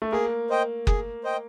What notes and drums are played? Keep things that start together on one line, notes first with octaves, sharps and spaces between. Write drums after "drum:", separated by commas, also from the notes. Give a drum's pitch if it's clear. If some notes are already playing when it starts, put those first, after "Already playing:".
A3
A#3 G#4
C5 D#5 G5
G#4, drum: kick F#1
C5 D#5 G5